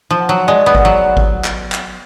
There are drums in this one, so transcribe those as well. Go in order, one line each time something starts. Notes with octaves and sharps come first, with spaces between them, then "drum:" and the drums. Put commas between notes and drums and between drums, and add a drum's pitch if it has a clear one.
F3
F#5
F#3
G#3 D5
B3
F#5, drum: kick G#1
F#3
drum: kick G#1
drum: clap
drum: clap